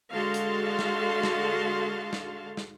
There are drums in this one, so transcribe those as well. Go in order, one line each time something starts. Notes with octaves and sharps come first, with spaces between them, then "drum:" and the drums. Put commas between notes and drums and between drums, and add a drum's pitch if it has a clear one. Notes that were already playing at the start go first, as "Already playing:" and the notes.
D3 G#3 F#4 F5 A5 C6
drum: hi-hat
drum: snare
drum: snare
drum: snare
drum: snare